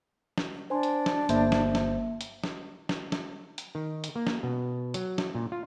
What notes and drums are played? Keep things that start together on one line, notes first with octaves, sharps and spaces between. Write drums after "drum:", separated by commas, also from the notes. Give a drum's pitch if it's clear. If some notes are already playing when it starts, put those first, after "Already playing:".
drum: snare
D4 C5 G#5 C6
drum: hi-hat
drum: snare
G1 A#3 C5 E5, drum: hi-hat
drum: snare
drum: snare
drum: hi-hat
drum: snare
drum: snare
drum: snare
drum: hi-hat
D#3
drum: hi-hat
A#3
drum: snare
B2
F#3, drum: hi-hat
drum: snare
A#2
F4